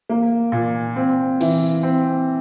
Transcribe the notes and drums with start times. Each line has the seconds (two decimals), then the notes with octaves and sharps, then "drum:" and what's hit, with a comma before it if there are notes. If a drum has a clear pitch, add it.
0.09 A#3
0.52 A#2
0.96 C4
1.40 E3, drum: open hi-hat
1.83 C4